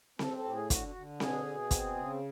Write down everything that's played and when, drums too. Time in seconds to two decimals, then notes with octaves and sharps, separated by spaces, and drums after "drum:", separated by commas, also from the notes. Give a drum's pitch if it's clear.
0.19 C4 A4, drum: snare C4
0.37 A4
0.44 A2 G4
0.53 G#4
0.70 D3 F#4, drum: kick, hi-hat
0.87 F#4
0.95 D3
1.20 B2 G#4, drum: snare C4
1.46 B2
1.71 C4, drum: kick, hi-hat
1.96 C#3